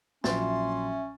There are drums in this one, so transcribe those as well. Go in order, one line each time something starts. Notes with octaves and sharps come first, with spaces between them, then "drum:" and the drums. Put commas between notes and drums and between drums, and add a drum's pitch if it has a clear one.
A#1 F#3 C#4 E5 C6 A6, drum: snare